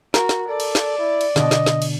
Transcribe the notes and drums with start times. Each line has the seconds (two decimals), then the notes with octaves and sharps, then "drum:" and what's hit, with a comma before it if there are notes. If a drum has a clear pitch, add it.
0.14 F#4 A#4, drum: snare
0.29 drum: snare
0.48 A4 D5
0.60 drum: cymbal
0.75 drum: snare
0.98 E4
1.21 drum: cymbal
1.36 B2 D3 D#5, drum: snare
1.51 drum: snare
1.66 drum: snare
1.82 drum: cymbal